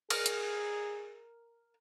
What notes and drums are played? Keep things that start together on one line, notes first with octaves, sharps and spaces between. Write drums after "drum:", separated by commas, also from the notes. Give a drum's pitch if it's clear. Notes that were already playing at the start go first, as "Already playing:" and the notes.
G#4 A#4 F6, drum: cymbal
drum: hi-hat